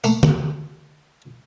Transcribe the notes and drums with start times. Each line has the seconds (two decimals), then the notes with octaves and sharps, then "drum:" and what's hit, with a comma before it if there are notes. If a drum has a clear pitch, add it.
0.04 A3 A#3, drum: tambourine
0.23 drum: tom D3